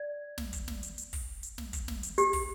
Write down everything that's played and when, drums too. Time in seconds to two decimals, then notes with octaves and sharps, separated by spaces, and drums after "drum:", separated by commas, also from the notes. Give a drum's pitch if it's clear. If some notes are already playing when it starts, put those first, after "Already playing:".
Already playing: D5
0.38 drum: snare
0.53 drum: kick, hi-hat
0.68 drum: snare
0.83 drum: hi-hat
0.98 drum: hi-hat
1.13 drum: kick, open hi-hat
1.43 drum: hi-hat
1.58 drum: snare
1.73 drum: kick, hi-hat
1.88 drum: snare
2.03 drum: hi-hat
2.18 G4, drum: hi-hat
2.33 drum: kick, open hi-hat